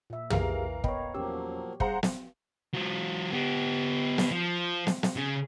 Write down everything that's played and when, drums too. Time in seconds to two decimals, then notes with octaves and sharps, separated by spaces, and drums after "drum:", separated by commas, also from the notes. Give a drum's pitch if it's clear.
0.10 A#2 E5
0.30 E3 G4 G#4 A#4 F5, drum: tom
0.84 B3 C#5 D#5 G5 B5, drum: kick
1.14 E2 F3 F#3 A#3 C#4 G4 E6
1.80 G3 G#4 C5 F5 F#5 A#5, drum: kick
2.03 drum: snare
2.73 F#3 F4
3.32 B3 G4
4.18 drum: snare
4.31 F3
4.87 drum: snare
5.03 drum: snare
5.16 C#3